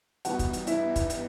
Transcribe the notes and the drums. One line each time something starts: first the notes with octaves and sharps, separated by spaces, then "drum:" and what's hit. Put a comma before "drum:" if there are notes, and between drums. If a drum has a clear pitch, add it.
G2 E3 G3 B3 D#4 F#4 F#5, drum: hi-hat
drum: kick, hi-hat
drum: hi-hat
E4 E5, drum: hi-hat
drum: kick, hi-hat
drum: hi-hat